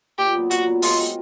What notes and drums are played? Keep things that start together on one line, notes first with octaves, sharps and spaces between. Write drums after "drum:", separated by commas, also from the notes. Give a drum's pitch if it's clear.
A#2 G4
F#3 B3
A#2 F#4, drum: hi-hat
F#3 B3
G#3 F4, drum: open hi-hat
C4 F4 A#4